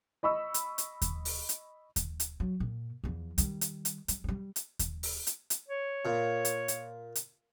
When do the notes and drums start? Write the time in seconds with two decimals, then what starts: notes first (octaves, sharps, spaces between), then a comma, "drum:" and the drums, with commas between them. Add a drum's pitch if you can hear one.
0.23 D#5 B5 C#6 E6
0.54 drum: hi-hat
0.78 drum: hi-hat
1.02 drum: kick D#2, hi-hat
1.25 drum: open hi-hat
1.49 drum: hi-hat
1.96 drum: kick D#2, hi-hat
2.20 drum: hi-hat
2.40 F#3
2.60 A#2
3.04 E2 F3
3.38 D#3 G3, drum: hi-hat
3.61 drum: hi-hat
3.85 drum: hi-hat
4.08 G3, drum: hi-hat
4.24 F#3 G3
4.56 drum: hi-hat
4.79 drum: kick D#2, hi-hat
5.03 drum: open hi-hat
5.27 drum: hi-hat
5.50 drum: hi-hat
5.68 C#5
6.05 A#2
6.45 drum: hi-hat
6.68 drum: hi-hat
7.15 drum: hi-hat